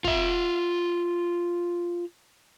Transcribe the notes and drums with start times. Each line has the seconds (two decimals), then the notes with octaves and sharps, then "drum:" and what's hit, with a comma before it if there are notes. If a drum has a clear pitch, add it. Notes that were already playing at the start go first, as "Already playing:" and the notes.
0.04 F4 E5, drum: kick